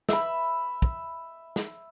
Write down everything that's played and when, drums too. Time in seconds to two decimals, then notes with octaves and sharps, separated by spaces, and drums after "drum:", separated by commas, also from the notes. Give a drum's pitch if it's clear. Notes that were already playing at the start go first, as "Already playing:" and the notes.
0.09 E5 B5, drum: snare
0.82 drum: kick
1.56 drum: snare